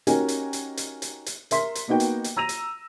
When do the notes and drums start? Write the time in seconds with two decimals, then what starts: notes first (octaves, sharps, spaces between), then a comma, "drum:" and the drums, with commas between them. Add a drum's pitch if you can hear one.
0.07 C#4 D#4 F#4 G4 A#4 G#5, drum: hi-hat
0.28 drum: hi-hat
0.53 drum: hi-hat
0.77 drum: hi-hat
1.02 drum: hi-hat
1.26 drum: hi-hat
1.51 A#4 E5 C6 B6, drum: hi-hat
1.75 drum: hi-hat
1.88 A#3 B3 D#4 F#4 G5
2.00 drum: hi-hat
2.24 drum: hi-hat
2.37 A#5 E6 A#6 D#7 F7
2.49 drum: hi-hat